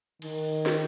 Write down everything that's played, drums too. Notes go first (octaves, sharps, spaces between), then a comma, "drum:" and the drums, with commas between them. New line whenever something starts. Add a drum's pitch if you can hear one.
D#3, drum: cymbal
drum: snare